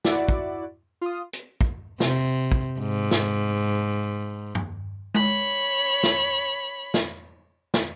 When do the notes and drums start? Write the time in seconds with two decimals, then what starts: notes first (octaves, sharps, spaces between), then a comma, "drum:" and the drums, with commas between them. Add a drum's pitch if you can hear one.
0.05 E4 F#4 D5 F#5, drum: snare
0.29 drum: kick
1.01 F4 D#6
1.33 drum: hi-hat
1.61 drum: kick
2.00 C3, drum: snare
2.52 drum: kick
2.80 G#2
3.11 drum: snare
4.55 drum: tom G2
5.14 C#5 B5, drum: tom G#3
6.03 drum: snare
6.94 drum: snare
7.74 drum: snare